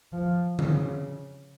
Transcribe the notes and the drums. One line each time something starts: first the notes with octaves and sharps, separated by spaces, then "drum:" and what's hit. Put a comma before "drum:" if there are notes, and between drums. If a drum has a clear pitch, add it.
F3
C#3, drum: tom D3